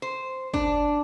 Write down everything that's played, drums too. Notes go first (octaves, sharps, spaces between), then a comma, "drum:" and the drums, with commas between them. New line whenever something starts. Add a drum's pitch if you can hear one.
C5
D4, drum: kick